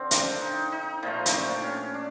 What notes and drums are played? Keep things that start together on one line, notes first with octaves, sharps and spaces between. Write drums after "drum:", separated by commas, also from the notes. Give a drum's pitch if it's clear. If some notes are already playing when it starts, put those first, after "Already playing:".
Already playing: D3 F3 C4
D4, drum: hi-hat
D#4
D#4
A#2 F3 A3 D#4
D#4, drum: hi-hat
D4
C#4
D4